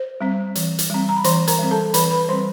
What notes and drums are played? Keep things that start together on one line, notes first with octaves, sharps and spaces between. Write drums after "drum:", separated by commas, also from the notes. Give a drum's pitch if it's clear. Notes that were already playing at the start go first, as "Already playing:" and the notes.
Already playing: C5
G3 C4
E3, drum: hi-hat
drum: hi-hat
G3 C4
A#5
B5
E3 C5 C6, drum: hi-hat
A#4 A#5, drum: hi-hat
G3 C4
A4 A5
E3 B4 B5, drum: hi-hat
B4 B5
G3 C4 C5 C6